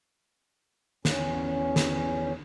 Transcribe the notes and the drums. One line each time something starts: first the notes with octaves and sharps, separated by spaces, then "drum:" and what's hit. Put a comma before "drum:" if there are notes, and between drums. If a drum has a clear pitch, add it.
E2 C#4, drum: snare
drum: snare